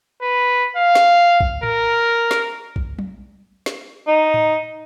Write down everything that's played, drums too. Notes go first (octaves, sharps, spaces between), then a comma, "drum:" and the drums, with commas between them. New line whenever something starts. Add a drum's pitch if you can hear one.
B4
F5
drum: snare
drum: kick
A#4, drum: tom A2
drum: snare
drum: kick
drum: tom
drum: snare
D#4
drum: tom A2